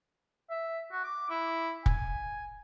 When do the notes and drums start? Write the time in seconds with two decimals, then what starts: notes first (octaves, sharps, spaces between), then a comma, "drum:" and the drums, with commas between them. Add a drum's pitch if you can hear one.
0.50 E5
0.92 F#4
1.04 D6
1.30 E4
1.86 G#5, drum: kick